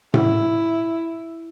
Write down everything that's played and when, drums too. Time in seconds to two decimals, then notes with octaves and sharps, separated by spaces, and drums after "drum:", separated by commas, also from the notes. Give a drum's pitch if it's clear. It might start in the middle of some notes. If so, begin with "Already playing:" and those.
0.14 E4, drum: tom A2